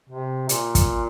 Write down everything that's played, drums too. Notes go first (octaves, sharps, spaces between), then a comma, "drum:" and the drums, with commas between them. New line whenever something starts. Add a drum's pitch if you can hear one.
C3
A#2, drum: hi-hat
drum: kick, hi-hat